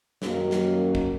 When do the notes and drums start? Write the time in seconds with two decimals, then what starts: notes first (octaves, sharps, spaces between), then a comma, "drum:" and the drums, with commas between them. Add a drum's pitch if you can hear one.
0.22 F#2 D#3 F#3 A#3, drum: snare
0.51 drum: snare
0.95 drum: kick